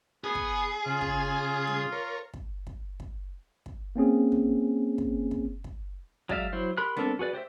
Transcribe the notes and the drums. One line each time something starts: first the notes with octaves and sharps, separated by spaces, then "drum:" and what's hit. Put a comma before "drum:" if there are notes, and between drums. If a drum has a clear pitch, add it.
B3 G#4
drum: kick
C#3 F4
drum: kick
drum: tom G3
A#4 C#5
drum: kick
drum: kick
drum: kick
drum: kick
A#3 C4 C#4 G#4
drum: tom
drum: kick
drum: kick
drum: kick
F#3 G#3 D5 E5 F5, drum: kick
F#3 E4 C5
G4 A#4 B5 C6 F#6
B3 C4 D4 A4 A#4, drum: tom G3
F#4 G#4 B4 D5
G4 C5 D#5 E5